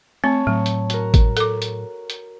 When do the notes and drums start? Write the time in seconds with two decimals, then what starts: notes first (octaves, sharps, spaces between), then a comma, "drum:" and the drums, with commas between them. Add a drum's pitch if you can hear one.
0.24 A3 C4 C#5 A5
0.47 A2 F#3 A3
0.66 drum: hi-hat
0.90 F#4 A#4, drum: hi-hat
1.14 drum: kick G#1, hi-hat
1.37 A4 D6, drum: hi-hat
1.62 drum: hi-hat
2.10 drum: hi-hat